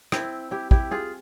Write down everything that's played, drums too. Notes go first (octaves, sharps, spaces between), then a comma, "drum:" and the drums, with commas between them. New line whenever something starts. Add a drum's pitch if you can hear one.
C4 E4, drum: rim click
E4 G4
E4 G4, drum: kick
F4 G#4